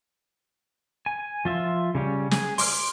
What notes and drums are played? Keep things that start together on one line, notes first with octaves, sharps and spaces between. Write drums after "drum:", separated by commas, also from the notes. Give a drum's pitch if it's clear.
G#5
F3 F4 E5
C#3 G3 C#4
G#4, drum: snare
C6 D6 F6, drum: open hi-hat